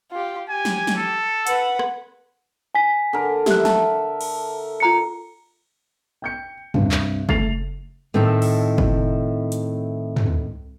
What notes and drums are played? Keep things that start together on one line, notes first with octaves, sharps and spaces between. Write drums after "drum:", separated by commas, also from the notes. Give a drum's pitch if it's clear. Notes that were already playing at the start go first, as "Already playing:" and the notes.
F4 G4
G4 G#5
drum: snare
drum: snare
A4
B4 F#5, drum: hi-hat
drum: rim click
G#5 B6
D3 A#4
G4 E5 F#6, drum: snare
A5, drum: snare
drum: cymbal
F4 A#5 C#7
G5 G6 C#7
G2 C3, drum: tom
drum: clap
A3 A6 C7 F7, drum: kick
A2 D#3 C4 E4 A4
drum: open hi-hat
drum: kick
drum: hi-hat
drum: tom